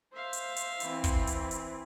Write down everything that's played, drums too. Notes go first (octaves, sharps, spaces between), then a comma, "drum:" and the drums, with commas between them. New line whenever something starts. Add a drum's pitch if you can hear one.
C5 E5 F5
drum: hi-hat
drum: hi-hat
E3 C4, drum: hi-hat
drum: kick, hi-hat
drum: hi-hat
drum: hi-hat